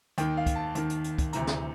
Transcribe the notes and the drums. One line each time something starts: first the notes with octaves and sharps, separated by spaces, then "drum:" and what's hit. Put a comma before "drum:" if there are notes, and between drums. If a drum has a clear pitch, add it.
D#2 D#3 G5, drum: hi-hat
F5
drum: kick, hi-hat
A5
D#2 D#3, drum: hi-hat
drum: hi-hat
drum: hi-hat
drum: kick, hi-hat
D2 C3 E3 A#5, drum: hi-hat
drum: snare